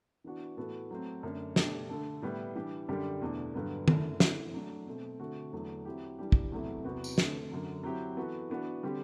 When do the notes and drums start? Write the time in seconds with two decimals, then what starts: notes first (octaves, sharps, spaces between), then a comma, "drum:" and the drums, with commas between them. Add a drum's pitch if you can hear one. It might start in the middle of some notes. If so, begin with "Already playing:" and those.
0.24 E3 B3 D4 F#4
0.57 A2 E3 B3 F#4 A4
0.91 F#3 A3 C4
1.23 F#2 D3 A3 D4
1.56 B2 A3 D4 G4, drum: snare
1.90 D3 A3 D4 A4
2.22 A2 G3 B3 E4
2.56 E3 G3 D4 G4
2.89 F#2 D3 G3 D4 G4
3.22 E2 B2 A3 D4
3.55 G2 D3 F#3 B3
3.88 F#2 D3 A3 E4 A4, drum: tom
4.20 E3 A3 C4, drum: snare
4.54 F#3 A3 D4
4.87 B2 A3 C4
5.20 D3 A3 C4 F#4 A4
5.53 E2 D3 F#3 A3
5.85 F#3 C4 E4 G4
6.19 E3 G3 D4 G4
6.32 drum: kick
6.52 E2 C3 F#3 A3 E4
6.85 E2 C3 F#3 B3 F#4
7.04 drum: tambourine
7.18 D3 A3 C4, drum: snare
7.51 F#2 D3 F#3
7.83 F#3 C4 E4 G4
8.17 E3 B3 F#4 A4
8.50 E3 B3 D4 F#4
8.83 D3 G3 C4 G4